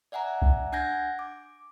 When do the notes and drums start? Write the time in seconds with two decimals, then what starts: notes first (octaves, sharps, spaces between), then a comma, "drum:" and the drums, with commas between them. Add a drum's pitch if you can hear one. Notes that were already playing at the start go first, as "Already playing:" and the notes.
0.12 D5 E5 F#5 G#5 A#5
0.42 drum: kick B1
0.72 D4 F#5 G#5 G6 G#6 A#6
1.19 D6